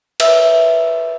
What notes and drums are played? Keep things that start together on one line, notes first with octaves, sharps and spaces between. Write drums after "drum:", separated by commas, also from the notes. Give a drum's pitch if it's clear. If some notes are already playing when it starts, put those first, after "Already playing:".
B4 E5 E6, drum: cymbal